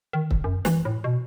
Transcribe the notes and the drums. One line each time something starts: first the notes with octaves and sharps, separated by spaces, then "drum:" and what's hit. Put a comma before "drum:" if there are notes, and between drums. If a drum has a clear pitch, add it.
D#3
drum: kick
F#2
E3, drum: snare
A2
B2